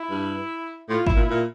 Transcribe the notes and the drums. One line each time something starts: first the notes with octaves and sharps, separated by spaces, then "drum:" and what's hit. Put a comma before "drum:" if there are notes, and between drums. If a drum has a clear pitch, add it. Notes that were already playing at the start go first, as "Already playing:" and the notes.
Already playing: E4
G2
A2 F4
E4, drum: kick
A#2
E4
A#2